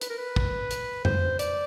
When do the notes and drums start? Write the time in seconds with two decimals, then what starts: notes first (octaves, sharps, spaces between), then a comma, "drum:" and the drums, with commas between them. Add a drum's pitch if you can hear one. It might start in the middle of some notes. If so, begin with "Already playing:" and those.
0.01 B4, drum: hi-hat
0.10 A#4
0.18 B4
0.36 drum: kick
0.71 drum: hi-hat
1.05 C5, drum: tom F2
1.39 D5, drum: hi-hat